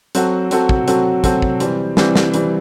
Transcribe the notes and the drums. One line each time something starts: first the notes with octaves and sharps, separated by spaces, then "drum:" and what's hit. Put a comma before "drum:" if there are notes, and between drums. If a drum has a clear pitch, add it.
F#3 C4 F#4 A4, drum: hi-hat
F#3 C4 F#4 A4, drum: hi-hat
drum: kick
F#3 C4 F#4 A4, drum: hi-hat
F#3 C4 F#4 A4, drum: kick, hi-hat
drum: kick
E3 G3 C4, drum: hi-hat
E3 G3 C4, drum: snare
drum: snare
E3 G3 C4, drum: hi-hat